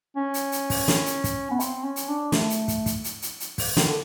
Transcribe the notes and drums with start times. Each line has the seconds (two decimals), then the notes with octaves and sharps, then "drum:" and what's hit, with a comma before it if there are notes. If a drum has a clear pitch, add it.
0.16 C#4
0.34 drum: hi-hat
0.52 drum: hi-hat
0.70 drum: kick, open hi-hat
0.88 drum: snare
1.06 drum: hi-hat
1.24 drum: kick, hi-hat
1.51 B3
1.60 C4, drum: hi-hat
1.84 C#4
1.96 drum: hi-hat
2.09 D4
2.32 A3, drum: snare
2.50 drum: hi-hat
2.68 drum: kick, hi-hat
2.86 drum: kick, hi-hat
3.04 drum: hi-hat
3.22 drum: hi-hat
3.40 drum: hi-hat
3.58 drum: kick, open hi-hat
3.77 D#3, drum: snare
3.86 D3